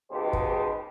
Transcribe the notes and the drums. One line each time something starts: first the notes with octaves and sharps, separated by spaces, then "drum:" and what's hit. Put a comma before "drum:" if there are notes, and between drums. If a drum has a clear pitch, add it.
G#1 C#2 G#2 B2 G4 C5
drum: kick